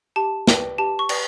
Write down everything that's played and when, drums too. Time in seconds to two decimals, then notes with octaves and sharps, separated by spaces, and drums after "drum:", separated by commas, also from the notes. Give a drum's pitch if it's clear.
0.16 G4 A5
0.47 B4 D5 G5, drum: snare
0.78 G4 A5
0.99 C#6
1.09 B4 D5 G5, drum: cymbal